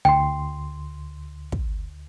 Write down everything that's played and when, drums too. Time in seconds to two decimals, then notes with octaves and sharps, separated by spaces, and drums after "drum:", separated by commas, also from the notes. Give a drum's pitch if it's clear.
0.05 D2 G5 C6
1.52 drum: kick